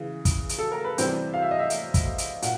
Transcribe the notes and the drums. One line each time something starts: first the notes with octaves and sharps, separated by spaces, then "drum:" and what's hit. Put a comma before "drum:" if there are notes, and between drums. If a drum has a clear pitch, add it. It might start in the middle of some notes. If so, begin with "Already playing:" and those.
Already playing: C#3 E3
drum: kick, hi-hat
drum: hi-hat
A4
A#4
B4
C3 E3 G3 C4 C5, drum: hi-hat
F5
E5
D#5
E5
drum: hi-hat
drum: kick, hi-hat
drum: hi-hat
A#2 F#5, drum: hi-hat